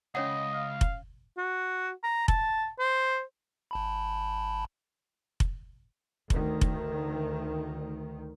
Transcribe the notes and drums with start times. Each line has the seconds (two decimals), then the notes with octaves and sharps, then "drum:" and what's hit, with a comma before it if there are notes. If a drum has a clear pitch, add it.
0.15 C#2 C#4 C#5 D#5 F#5
0.53 F5
0.81 drum: kick F1
1.37 F#4
2.04 A#5
2.28 A5, drum: kick F1
2.79 C5
3.71 G1 A5 B5
5.40 drum: kick F1
6.30 D2 D#3, drum: kick F1
6.61 drum: kick F1